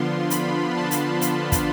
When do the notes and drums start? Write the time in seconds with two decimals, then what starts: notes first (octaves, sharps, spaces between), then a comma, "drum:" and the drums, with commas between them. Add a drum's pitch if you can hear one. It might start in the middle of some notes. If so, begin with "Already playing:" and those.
Already playing: D3 F3 B3 D4 F4 C6
0.30 B5, drum: hi-hat
0.76 A5
0.91 drum: hi-hat
1.21 drum: hi-hat
1.52 drum: kick, hi-hat